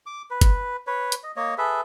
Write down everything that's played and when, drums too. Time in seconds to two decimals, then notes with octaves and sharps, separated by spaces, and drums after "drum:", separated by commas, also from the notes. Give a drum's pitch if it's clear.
0.06 D6
0.30 B4
0.41 drum: kick, hi-hat
0.87 B4 C#5
1.12 drum: hi-hat
1.24 D#5
1.36 A#3 C#5 D#5
1.58 G#4 A4 B4 E5